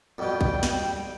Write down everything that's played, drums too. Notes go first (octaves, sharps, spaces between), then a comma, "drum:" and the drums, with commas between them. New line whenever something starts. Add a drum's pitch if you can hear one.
F2 B2 G3 G5
drum: kick
drum: snare